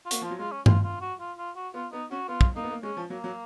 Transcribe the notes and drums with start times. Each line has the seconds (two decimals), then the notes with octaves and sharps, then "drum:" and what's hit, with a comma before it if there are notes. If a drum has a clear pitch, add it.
0.06 F4
0.11 A#3 F#4, drum: hi-hat
0.21 F3 F4
0.30 F#3
0.39 G#3 F4
0.52 C#4
0.66 F4, drum: tom G2
0.84 F4
1.01 F#4
1.20 F4
1.38 F4
1.56 F#4
1.74 B3 F4
1.92 B3 D#4
2.11 C#4 F#4
2.28 B3 F4
2.41 drum: kick
2.56 A#3 D#4
2.63 B3
2.71 A#3
2.83 G#3 C#4
2.97 F3
3.10 F#3 A#3
3.24 F#3